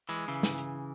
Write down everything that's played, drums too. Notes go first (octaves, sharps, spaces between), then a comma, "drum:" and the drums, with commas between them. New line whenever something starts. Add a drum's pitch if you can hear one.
E3 G#3
C#3 E3
drum: snare
drum: hi-hat